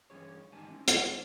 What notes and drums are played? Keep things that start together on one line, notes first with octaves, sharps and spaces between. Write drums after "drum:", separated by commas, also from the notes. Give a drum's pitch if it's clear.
G2 C#3 E3 C#4 G#4 C#5
E2 G#2 D#3 G3 G#5 A5
C4 C#4 E4
D#3 G#3 G#4 A4, drum: hi-hat